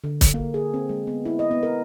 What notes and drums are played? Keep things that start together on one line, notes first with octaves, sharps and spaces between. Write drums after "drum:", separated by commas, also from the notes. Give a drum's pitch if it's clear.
D3
drum: kick, hi-hat
A#3
G#4
C4
G#3
B3
E4
D#5
B3
A#4